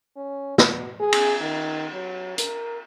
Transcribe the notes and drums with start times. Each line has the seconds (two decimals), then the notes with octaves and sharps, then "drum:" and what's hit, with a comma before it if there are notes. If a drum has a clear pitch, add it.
0.17 C#4
0.58 B2, drum: snare
1.00 G#4
1.13 drum: cymbal
1.41 D#3
1.94 F#3
2.38 A#4, drum: hi-hat